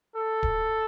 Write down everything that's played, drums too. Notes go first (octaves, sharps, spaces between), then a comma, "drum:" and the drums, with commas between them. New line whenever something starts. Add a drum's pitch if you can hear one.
A4
drum: kick D1